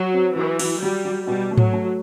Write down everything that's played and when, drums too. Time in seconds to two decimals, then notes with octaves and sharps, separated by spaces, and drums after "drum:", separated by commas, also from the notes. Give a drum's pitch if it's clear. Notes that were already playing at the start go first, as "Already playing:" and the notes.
Already playing: F#3
0.14 C4
0.36 E3 F#3
0.59 F#3, drum: cymbal
0.82 F#3 G3
1.05 F#3
1.27 B2 G3
1.51 A3
1.58 F#3, drum: tom G#2
1.73 A3